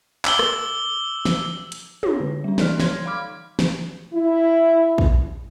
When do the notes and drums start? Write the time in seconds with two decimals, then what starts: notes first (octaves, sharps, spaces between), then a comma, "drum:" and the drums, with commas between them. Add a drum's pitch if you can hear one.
0.25 D6 E6 F#7 G7, drum: clap
0.39 drum: rim click
1.25 drum: snare
1.72 drum: hi-hat
2.03 C#5, drum: tom
2.20 D3
2.44 G3 C#4
2.58 E3 D#4 A4 D5 F6, drum: snare
2.80 C#5 C6 G#6, drum: snare
3.06 F5 B5 D6 F6
3.59 drum: snare
4.13 E4
4.98 drum: kick